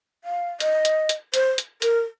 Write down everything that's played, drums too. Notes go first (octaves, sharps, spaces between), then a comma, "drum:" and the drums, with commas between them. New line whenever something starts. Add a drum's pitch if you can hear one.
F5
D#5, drum: hi-hat
drum: hi-hat
drum: hi-hat
C5, drum: hi-hat
drum: hi-hat
A#4, drum: hi-hat